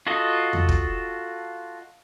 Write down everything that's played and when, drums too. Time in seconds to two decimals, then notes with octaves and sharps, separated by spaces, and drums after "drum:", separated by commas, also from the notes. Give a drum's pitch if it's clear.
0.07 F4 F#4 A4 D#5
0.53 drum: tom E2
0.69 drum: kick